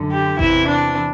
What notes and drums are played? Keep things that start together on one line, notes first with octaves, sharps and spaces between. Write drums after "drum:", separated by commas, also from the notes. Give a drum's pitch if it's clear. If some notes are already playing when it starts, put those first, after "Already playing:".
Already playing: F#2 D3
G4
E2 C3 E3 E4, drum: kick G#1
D4